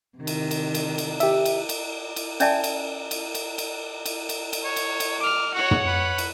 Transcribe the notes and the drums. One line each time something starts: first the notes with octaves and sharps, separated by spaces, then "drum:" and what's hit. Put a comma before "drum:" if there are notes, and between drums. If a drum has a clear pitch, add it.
C3 D#3
drum: cymbal
drum: cymbal
drum: cymbal
drum: cymbal
G4 E5, drum: cymbal
drum: cymbal
drum: cymbal
drum: cymbal
C#4 D5 E5 G#5 A5, drum: cymbal
drum: cymbal
drum: cymbal
drum: cymbal
drum: cymbal
drum: cymbal
drum: cymbal
drum: cymbal
C#5
drum: cymbal
drum: cymbal
D6 F6
F#4 C#5 F#5
drum: tom
B4
drum: cymbal